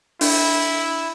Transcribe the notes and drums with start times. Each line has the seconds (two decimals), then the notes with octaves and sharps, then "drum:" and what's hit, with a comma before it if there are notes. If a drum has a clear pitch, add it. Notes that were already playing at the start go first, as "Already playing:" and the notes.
0.21 D4 E4, drum: open hi-hat